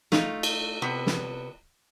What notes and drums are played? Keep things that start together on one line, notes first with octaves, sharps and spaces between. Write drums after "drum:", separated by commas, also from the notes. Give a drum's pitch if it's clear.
A3 D#4 F4, drum: snare
drum: cymbal
C3 B3
drum: snare